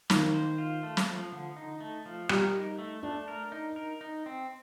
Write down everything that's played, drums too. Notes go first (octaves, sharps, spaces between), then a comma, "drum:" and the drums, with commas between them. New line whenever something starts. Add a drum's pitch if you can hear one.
D#3 A#3, drum: snare
C5
F4
A3
drum: snare
F3
D3
D#4
A3
F3
G3 A#4, drum: rim click
D#4
A3
A3 D4
A#4
D#4
A#4
D#4
C4